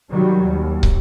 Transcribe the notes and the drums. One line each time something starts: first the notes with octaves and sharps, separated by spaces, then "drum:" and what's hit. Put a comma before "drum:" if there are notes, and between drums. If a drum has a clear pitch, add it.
D#3 F#3 G3
D#2
drum: kick